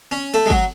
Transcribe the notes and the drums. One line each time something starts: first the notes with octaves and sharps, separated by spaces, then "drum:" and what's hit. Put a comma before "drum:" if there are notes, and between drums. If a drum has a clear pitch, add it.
C#4
A3, drum: cymbal
G#3
F#3, drum: kick